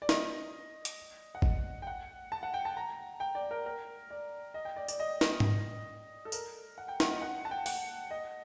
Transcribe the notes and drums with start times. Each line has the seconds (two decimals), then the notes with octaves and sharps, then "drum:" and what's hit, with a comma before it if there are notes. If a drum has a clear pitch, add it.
0.02 D5
0.09 D#5, drum: snare
0.85 drum: hi-hat
1.35 F#5
1.42 D#5, drum: kick G#1
1.82 G5
1.87 F#5
2.32 A5
2.43 F#5
2.54 G5
2.65 A5
2.77 A#5
3.20 G5
3.35 D5
3.51 A#4
3.66 A#4
4.10 D5
4.54 D#5
4.65 G5
4.76 D5
4.88 D5, drum: tambourine
5.00 D#5
5.21 drum: snare
5.40 drum: tom G#2
6.25 A4
6.32 A#4, drum: tambourine
6.78 F#5
6.88 G5
7.00 F#5, drum: snare
7.11 D#5
7.22 F#5
7.45 A5
7.51 G5
7.66 F#5, drum: open hi-hat
8.11 D#5